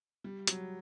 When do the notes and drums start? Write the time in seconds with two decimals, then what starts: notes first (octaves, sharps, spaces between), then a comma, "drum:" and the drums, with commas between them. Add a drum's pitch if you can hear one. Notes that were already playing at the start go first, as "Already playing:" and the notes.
0.24 G3
0.47 F#3, drum: hi-hat